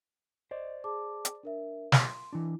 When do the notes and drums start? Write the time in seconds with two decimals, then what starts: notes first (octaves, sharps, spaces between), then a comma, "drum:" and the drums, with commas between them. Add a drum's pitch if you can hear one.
0.51 C5 D5 D#5
0.84 G#4 A5 D6
1.25 drum: hi-hat
1.43 D4 A#4 E5
1.92 C6, drum: snare
2.33 E3 D4 E4